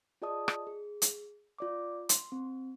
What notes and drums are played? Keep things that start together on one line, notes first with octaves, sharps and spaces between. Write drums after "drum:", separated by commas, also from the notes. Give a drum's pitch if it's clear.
F4 G#4 D5 D#5 A5 D#6
drum: rim click
G#4
drum: hi-hat
F4 D5 D6
C6, drum: hi-hat
C4